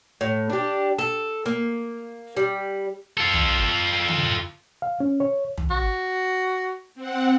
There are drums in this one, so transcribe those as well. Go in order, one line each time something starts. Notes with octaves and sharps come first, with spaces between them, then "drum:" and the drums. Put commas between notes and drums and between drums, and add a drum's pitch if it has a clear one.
A2
D4 G4
A4
A#3
G3
F4 A4
drum: tom
drum: tom
F5
C#4
C#5
drum: tom
F#4
C4 F#5